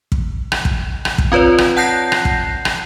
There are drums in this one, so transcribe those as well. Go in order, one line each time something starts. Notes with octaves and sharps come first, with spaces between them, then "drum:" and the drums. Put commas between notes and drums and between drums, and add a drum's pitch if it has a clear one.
drum: kick
drum: rim click
drum: kick
drum: rim click
drum: kick
C4 F4 B4 C#5 D5
drum: rim click
F#5 A5 F#6 G6 A#6 C7
drum: rim click
drum: kick
drum: rim click